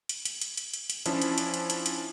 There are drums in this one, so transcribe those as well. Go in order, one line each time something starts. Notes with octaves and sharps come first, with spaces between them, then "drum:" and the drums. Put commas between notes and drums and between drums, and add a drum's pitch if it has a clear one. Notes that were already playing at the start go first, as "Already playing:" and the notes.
drum: hi-hat
drum: hi-hat
drum: hi-hat
drum: hi-hat
drum: hi-hat
drum: hi-hat
F3 C#4 D4 E4, drum: hi-hat
drum: hi-hat
drum: hi-hat
drum: hi-hat
drum: hi-hat
drum: hi-hat